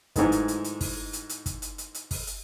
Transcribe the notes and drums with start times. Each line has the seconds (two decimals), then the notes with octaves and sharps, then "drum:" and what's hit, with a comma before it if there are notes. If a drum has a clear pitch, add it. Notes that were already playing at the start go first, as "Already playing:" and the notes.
0.16 G#2 D#3 E3 F#3 G#3 A3, drum: kick, hi-hat
0.32 drum: hi-hat
0.48 drum: hi-hat
0.64 drum: hi-hat
0.81 drum: kick, open hi-hat
1.13 drum: hi-hat
1.29 drum: hi-hat
1.46 drum: kick, hi-hat
1.62 drum: hi-hat
1.78 drum: hi-hat
1.94 drum: hi-hat
2.11 drum: kick, open hi-hat
2.27 drum: hi-hat